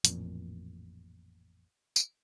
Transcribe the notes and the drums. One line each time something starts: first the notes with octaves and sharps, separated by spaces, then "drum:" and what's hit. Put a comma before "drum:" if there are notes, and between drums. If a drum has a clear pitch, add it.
A1 F2 A#2, drum: hi-hat
drum: tambourine